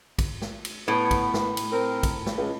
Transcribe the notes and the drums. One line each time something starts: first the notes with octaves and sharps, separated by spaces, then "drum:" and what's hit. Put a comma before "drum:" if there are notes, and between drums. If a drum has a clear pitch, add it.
drum: kick, cymbal
drum: snare
drum: cymbal
A2 B3
drum: kick, cymbal
drum: snare
drum: cymbal
C4 A#4
drum: kick, cymbal
drum: snare
C#2